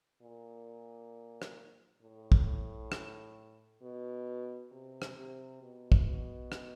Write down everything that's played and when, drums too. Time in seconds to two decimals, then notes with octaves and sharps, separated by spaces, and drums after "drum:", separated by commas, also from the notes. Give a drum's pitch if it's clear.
0.21 A#2
1.42 drum: rim click
2.02 A2
2.32 drum: kick
2.92 drum: rim click
3.82 B2
4.71 C3
5.02 drum: rim click
5.17 C3
5.62 B2
5.92 drum: kick
6.07 B2
6.52 drum: rim click